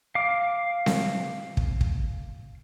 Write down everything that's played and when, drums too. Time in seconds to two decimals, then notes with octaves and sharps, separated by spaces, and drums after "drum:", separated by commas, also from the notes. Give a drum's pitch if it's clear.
0.15 F5 D6
0.86 drum: snare C4
1.57 drum: kick
1.81 drum: kick